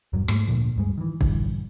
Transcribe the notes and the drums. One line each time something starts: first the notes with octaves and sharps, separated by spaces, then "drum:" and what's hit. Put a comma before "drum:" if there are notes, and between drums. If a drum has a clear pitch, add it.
E1 G2 F#3
G#2 A3, drum: rim click
D2 A#2 F3
D1 G2 G#3
D#3 E3
A#1 G2 D3 E3, drum: kick